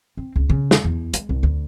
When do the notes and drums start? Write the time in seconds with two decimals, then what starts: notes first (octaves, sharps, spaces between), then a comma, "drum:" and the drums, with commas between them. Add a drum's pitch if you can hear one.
0.17 C4
0.36 C#2
0.50 C#3
0.71 drum: snare
0.84 E2
1.13 G#3, drum: hi-hat
1.29 C2
1.43 D2